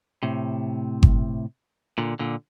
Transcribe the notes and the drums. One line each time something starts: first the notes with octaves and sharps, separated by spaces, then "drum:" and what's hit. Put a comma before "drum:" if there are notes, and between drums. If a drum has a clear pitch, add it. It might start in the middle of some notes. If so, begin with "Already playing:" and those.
A2 C3
drum: kick G1
A#2 D3
A#2 D3